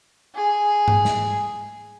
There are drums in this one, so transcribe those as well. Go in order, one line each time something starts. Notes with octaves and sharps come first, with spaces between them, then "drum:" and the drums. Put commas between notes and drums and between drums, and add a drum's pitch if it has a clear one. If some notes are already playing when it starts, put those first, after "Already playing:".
G#4
drum: tom G#2
drum: snare